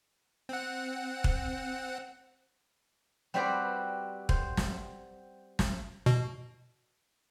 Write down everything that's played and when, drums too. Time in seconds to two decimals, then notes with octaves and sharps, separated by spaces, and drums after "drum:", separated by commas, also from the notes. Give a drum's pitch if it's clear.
0.49 C4 F#5
1.24 drum: kick
3.34 G3 C4 F#4 B4 C5 D5
4.29 C5, drum: kick
4.57 drum: snare
5.59 drum: snare
6.06 B2